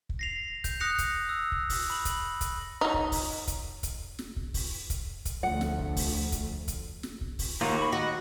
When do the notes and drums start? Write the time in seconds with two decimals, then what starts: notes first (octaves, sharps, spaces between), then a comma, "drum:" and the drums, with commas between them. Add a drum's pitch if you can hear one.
0.09 drum: kick
0.19 A#6 C7 F7
0.64 G6, drum: kick, hi-hat
0.80 D#6 F#6 A#6 C#7 F7
0.98 drum: kick, hi-hat
1.29 E6
1.52 drum: kick
1.70 drum: kick, open hi-hat
1.90 B5 F#7
2.05 drum: kick, hi-hat
2.41 drum: kick, hi-hat
2.81 F#3 D#4
2.94 drum: kick
3.12 drum: kick, open hi-hat
3.47 drum: kick, hi-hat
3.83 drum: kick, hi-hat
4.19 drum: snare
4.36 drum: kick
4.54 drum: kick, open hi-hat
4.90 drum: kick, hi-hat
5.25 drum: kick, hi-hat
5.43 D2 F3 A3 F#5
5.61 drum: snare
5.79 drum: kick
5.97 drum: kick, open hi-hat
6.32 drum: kick, hi-hat
6.68 drum: kick, hi-hat
7.03 drum: snare
7.21 drum: kick
7.39 drum: kick, open hi-hat
7.61 D#2 A#3 F4 F#4
7.78 B5 C#6
7.93 F#4 D#5